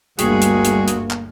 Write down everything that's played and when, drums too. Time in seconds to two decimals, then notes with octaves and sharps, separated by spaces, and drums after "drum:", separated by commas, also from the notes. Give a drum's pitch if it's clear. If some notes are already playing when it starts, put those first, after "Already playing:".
0.19 G1 D2 G3 G#3 A#3 F#4 G#4, drum: hi-hat
0.42 drum: hi-hat
0.65 drum: hi-hat
0.88 drum: hi-hat
1.11 drum: clap